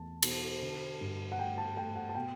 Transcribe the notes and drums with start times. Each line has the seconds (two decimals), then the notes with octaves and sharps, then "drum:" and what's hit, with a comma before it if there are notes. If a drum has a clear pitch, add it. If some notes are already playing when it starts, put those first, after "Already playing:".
Already playing: E2 A3 A5
0.23 B2, drum: cymbal
0.62 D3
1.01 G2
1.32 F#5
1.39 A3 G5
1.58 A5
1.77 A3 G5
1.96 F#5
2.09 A5
2.15 B2 G5